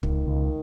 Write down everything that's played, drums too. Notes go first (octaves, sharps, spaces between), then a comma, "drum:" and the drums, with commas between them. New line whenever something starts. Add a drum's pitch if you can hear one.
C#2 D#3, drum: kick
C#2